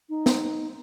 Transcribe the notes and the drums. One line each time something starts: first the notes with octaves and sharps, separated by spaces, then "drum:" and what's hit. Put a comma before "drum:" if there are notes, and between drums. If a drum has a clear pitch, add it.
D#4
drum: snare